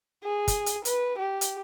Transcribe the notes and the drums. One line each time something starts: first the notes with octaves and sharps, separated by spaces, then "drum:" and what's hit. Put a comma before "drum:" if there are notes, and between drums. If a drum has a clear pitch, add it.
G#4
drum: kick, hi-hat
drum: hi-hat
B4, drum: hi-hat
G4
drum: hi-hat